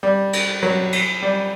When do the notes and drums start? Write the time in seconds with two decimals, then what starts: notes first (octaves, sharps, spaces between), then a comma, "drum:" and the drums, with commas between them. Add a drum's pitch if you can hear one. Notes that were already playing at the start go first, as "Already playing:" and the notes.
0.03 G3
0.33 drum: cymbal
0.63 F#3
0.93 drum: cymbal
1.22 G3